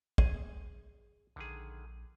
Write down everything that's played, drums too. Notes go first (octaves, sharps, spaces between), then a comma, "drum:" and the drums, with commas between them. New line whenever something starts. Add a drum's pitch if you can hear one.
G#4, drum: kick
A#1 D3 D#3 G#4